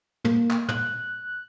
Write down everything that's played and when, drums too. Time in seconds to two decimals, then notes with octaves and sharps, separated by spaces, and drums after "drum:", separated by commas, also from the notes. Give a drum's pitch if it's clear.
0.25 A#3, drum: tom
0.50 drum: clap
0.68 F#6, drum: tom